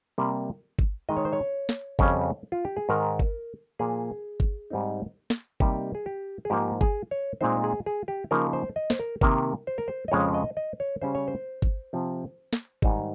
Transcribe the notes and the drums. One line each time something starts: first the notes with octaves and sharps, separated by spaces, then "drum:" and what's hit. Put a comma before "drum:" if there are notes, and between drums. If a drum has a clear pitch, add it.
C3 G3 A#3
drum: kick
D#3 G#3 D#4 D#5
C#5
C5
C#5
drum: snare
F2 C#3 G3 C#4, drum: kick
F4
G4
G#4
G#2 D#3 G#3 A#4
drum: kick
A#2 F3 A#3 G#4
drum: kick
G#2 G3 C4 D#4
drum: snare
C3 G3 A#3 D#4 G4, drum: kick
G#4
G4
G#4
G#2 F3 A#3 G4
G#4, drum: kick
C#5
A#2 G#3 C4 D#4 C5
G#4
G#4
G4
C#3 F3 A#3 D#4 A#4
C5
D#5
C5, drum: snare
A#4
C3 D#3 A#3 A#4, drum: kick
C5
A#4
C5
D#5
F2 C#3 F3 G#3 C#4 C#5
D#5
D#5
C#5
C#3 G3 C#4 C5
C#5
C5
drum: kick
C3 F3 C4
drum: snare
G#2 D#3 G3, drum: kick